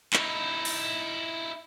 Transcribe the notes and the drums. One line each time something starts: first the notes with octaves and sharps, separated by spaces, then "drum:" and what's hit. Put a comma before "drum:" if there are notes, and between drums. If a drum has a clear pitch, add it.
D#4 E4, drum: clap
drum: open hi-hat